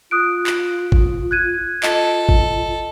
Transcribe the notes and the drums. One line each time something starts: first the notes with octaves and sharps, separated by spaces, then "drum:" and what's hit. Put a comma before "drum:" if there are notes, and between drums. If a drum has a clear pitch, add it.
F4 D#6 F#6 D7
drum: clap
drum: kick
F#6 G#6 D#7
F4 A4 D#5, drum: clap
drum: kick